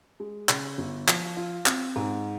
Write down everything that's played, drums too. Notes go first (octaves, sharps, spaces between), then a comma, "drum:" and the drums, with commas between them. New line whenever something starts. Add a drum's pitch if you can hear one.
G#3
C#3, drum: clap
G1
F3, drum: clap
F4
C4, drum: clap
G#2